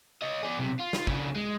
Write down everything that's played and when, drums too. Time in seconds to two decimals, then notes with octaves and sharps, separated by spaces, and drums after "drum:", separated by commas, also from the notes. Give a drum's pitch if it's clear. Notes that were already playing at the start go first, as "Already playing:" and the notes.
0.22 C#5 D#5
0.43 G#4 D5
0.58 B1 C3
0.79 F4
0.93 drum: snare
1.07 C#3 D4, drum: kick
1.35 G#3